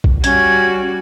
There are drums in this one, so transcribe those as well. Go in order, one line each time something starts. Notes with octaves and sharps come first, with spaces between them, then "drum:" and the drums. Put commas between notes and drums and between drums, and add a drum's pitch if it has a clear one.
drum: kick
G3 C#4 F#4 G#6, drum: hi-hat